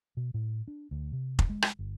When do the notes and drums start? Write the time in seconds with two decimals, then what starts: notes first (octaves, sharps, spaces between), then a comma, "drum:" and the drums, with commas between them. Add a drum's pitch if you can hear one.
0.17 B2
0.34 A2
0.68 D4
0.91 D2
1.13 C3
1.39 drum: kick F1
1.49 G#3
1.62 drum: rim click
1.79 G1